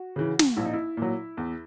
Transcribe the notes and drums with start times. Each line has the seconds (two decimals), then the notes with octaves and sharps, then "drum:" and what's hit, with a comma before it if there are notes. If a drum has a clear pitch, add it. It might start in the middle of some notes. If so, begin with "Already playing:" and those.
Already playing: F#4
0.16 C#3 E3
0.39 drum: snare
0.56 A#1 E4
0.65 D#4
0.73 E4
0.97 A#2 F#3
1.37 E2